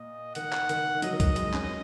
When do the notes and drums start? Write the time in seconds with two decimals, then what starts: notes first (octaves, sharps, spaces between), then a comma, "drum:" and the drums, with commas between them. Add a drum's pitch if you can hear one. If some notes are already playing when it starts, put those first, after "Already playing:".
Already playing: A#2 D#5
0.35 D#3 F#5, drum: hi-hat
0.53 drum: clap
0.69 D#3, drum: hi-hat
0.95 D#3
1.02 F#3 D#5, drum: hi-hat
1.13 D#3
1.20 F#3, drum: kick C2, hi-hat
1.36 G#3, drum: hi-hat
1.54 C#4, drum: clap